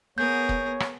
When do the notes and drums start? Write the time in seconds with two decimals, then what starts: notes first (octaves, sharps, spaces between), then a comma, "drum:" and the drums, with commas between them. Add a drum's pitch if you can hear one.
0.18 B3 G#4 A#4 C#5 G6
0.49 drum: kick
0.80 drum: rim click